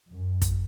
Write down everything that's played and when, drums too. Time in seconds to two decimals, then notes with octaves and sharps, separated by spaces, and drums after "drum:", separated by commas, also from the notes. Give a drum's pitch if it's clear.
0.11 F#2
0.42 drum: kick, hi-hat